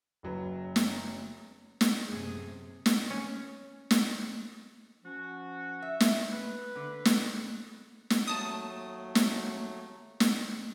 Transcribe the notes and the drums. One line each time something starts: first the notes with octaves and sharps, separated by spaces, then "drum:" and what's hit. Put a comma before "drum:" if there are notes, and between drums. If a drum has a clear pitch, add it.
F#1 F#3 B4
drum: snare
drum: snare
F#2 A2 C3 G#4
drum: snare
C#4
drum: snare
F3 C#4 F#4
E5
drum: snare
B4
D3
drum: snare
drum: snare
D#2 F#3 A3 A5 D#6
drum: snare
drum: snare